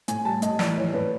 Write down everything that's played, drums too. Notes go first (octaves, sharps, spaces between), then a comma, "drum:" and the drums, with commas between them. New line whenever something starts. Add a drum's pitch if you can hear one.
A2 G#5, drum: hi-hat
G3 A5
A2 D#5, drum: hi-hat
E3 D5, drum: snare
E3 C#5
A2 B4